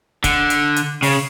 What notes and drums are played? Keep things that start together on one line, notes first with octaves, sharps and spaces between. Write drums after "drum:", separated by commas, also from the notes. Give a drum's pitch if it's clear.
D3, drum: kick, hi-hat
drum: hi-hat
drum: hi-hat
C#3, drum: open hi-hat